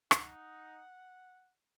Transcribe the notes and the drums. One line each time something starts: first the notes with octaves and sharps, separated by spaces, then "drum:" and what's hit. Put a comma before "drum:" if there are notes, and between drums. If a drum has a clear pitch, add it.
D#4 F#5, drum: rim click